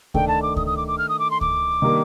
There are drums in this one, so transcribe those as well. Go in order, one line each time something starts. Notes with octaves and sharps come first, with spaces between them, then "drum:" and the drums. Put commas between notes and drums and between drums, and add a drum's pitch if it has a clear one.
D#3 A3 D4 A4 G5, drum: kick C#2
A5
D6
D#6, drum: kick C#2
D#6
D6
D6
F6
D#6
D6
C6
D6, drum: kick C#2
D#3 G3 A#3 D4